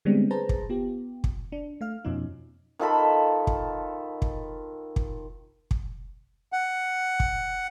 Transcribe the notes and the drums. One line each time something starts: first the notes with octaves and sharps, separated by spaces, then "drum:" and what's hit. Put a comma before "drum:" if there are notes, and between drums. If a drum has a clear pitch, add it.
D3 G3 G#3 B3 C4 D4
G#4 B4 C5 A5 A#5
drum: kick
B3 F4 G4
drum: kick
D4
A3 F5 F6
F2 B2 F3 C#4 D#4
D#3 F3 A4 B5
drum: kick
drum: kick
drum: kick
drum: kick
F#5
drum: kick